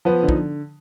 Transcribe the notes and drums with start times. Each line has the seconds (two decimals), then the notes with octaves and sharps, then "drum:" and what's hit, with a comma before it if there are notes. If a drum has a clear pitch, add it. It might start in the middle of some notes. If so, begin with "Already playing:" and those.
0.05 F3 B3 B4
0.23 D3
0.29 D#4, drum: kick